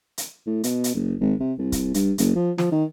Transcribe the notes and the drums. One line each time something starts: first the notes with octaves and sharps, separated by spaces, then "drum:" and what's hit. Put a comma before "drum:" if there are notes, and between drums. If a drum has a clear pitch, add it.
drum: hi-hat
A2
B2, drum: hi-hat
drum: hi-hat
F#1
G#1
C3
C2
drum: kick, hi-hat
G2, drum: hi-hat
F#1, drum: hi-hat
F3
F3, drum: snare
D#3